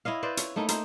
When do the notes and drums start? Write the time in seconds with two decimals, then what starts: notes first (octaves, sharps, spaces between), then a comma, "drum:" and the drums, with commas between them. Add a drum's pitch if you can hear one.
0.05 E4 C#5 D#5 F5
0.23 B4 C5 D5
0.37 C#5, drum: hi-hat
0.56 A3 A#3 D#4 E4
0.69 D#4 C5, drum: hi-hat